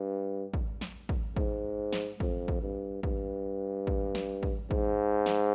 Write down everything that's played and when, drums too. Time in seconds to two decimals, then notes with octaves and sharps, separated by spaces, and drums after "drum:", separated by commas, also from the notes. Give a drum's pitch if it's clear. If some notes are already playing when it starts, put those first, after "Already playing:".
Already playing: G2
0.54 drum: kick
0.81 drum: snare
1.09 drum: kick
1.36 G#2, drum: kick
1.93 drum: snare
2.20 F2, drum: kick
2.48 drum: kick
2.62 G2
3.03 G2, drum: kick
3.87 drum: kick
4.15 drum: snare
4.43 drum: kick
4.71 G#2, drum: kick
5.26 drum: snare